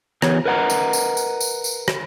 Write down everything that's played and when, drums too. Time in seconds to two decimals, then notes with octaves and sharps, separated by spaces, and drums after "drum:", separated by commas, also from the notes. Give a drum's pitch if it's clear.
0.22 E3 B3 G4 C#5, drum: rim click
0.45 A#4 B4 D#5 F#5 G5 A#5
0.70 drum: tambourine
0.93 drum: tambourine
1.17 drum: tambourine
1.41 drum: tambourine
1.64 drum: tambourine
1.88 drum: rim click